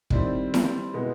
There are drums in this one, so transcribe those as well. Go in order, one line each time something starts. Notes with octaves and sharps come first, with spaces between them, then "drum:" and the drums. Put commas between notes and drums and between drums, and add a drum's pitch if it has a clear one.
D#3 G3 C4 E4, drum: kick
drum: snare E4
B2 G#3 B3 E4